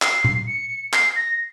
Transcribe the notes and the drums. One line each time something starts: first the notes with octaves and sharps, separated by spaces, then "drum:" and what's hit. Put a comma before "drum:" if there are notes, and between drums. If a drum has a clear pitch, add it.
C7, drum: clap
drum: tom A#2
C#7
C7, drum: clap
A#6